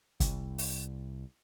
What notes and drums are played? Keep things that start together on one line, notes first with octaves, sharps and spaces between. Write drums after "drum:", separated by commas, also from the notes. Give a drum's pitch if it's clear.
C2, drum: kick, hi-hat
drum: open hi-hat